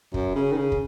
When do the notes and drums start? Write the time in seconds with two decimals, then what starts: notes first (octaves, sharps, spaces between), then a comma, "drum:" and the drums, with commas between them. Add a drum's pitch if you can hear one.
0.14 F#2, drum: kick
0.36 C#3
0.52 D#3
0.57 C#3
0.72 drum: kick